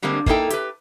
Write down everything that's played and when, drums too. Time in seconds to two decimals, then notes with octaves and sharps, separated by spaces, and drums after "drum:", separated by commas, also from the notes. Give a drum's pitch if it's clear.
0.02 D3 G3 G#3 A#3 C4
0.26 A#3 C#4 D#4 E4 A4 G5, drum: kick
0.50 G4 B4, drum: hi-hat